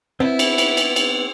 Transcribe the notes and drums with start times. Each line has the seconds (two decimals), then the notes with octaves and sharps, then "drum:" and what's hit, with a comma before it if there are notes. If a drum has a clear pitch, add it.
0.20 B3 C4 E4
0.39 drum: cymbal
0.58 drum: cymbal
0.77 drum: cymbal
0.96 drum: cymbal